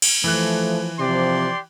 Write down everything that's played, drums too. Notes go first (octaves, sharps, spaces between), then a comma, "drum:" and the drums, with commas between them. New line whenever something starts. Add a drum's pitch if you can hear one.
drum: cymbal
E3 F3 A3 F#6
C3 F3 G4 D5 C6